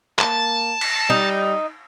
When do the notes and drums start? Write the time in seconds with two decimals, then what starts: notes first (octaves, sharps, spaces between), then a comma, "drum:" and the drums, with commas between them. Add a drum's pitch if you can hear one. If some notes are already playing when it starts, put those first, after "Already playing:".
0.19 A#3 A5, drum: clap
0.81 drum: cymbal
1.10 G3 D#4